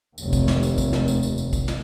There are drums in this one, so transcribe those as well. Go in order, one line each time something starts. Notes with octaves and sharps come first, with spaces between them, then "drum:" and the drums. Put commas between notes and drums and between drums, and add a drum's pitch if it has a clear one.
F1 D#2, drum: tambourine
drum: kick, tambourine
drum: snare
drum: tambourine
drum: kick, tambourine
drum: snare
drum: tambourine
drum: tambourine
drum: tambourine
drum: kick, tambourine
drum: snare